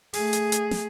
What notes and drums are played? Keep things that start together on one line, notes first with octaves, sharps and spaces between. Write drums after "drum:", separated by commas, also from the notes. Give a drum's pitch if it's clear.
A3 G#4, drum: open hi-hat
drum: hi-hat
drum: hi-hat
drum: snare